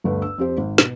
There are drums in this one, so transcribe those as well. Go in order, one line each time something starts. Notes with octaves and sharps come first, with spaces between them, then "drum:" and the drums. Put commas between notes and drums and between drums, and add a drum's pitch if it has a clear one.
G1 D2 G2 A3 B4
E6
F2 C4 G4 C5
G#1
B2, drum: snare